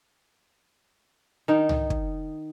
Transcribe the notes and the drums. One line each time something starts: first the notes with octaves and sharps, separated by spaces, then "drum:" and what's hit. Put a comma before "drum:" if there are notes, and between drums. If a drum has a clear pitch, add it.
D#3 D#4
drum: tom C2
drum: kick